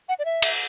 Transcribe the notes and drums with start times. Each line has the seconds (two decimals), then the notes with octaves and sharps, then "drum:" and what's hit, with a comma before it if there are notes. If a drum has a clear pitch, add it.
0.09 F#5
0.19 D5
0.25 E5
0.42 drum: cymbal